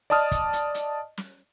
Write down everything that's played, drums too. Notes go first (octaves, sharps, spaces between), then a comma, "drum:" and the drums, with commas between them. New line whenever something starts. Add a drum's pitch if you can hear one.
D5 D#5 A5 D#6 F6, drum: open hi-hat
drum: kick, hi-hat
drum: hi-hat
drum: hi-hat
drum: snare